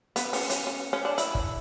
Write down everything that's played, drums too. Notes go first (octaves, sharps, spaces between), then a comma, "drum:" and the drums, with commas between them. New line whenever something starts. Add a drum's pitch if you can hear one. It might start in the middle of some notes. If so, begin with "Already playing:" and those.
B3, drum: hi-hat
C#4, drum: open hi-hat
C#4, drum: hi-hat
C#4
C#4
D4
E4, drum: hi-hat
drum: kick